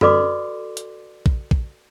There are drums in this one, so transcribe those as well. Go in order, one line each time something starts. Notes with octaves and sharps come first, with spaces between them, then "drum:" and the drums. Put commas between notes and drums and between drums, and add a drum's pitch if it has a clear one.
F#4 A4 B4 D5 C6 D6, drum: tom
drum: hi-hat
drum: kick A#1
drum: kick A#1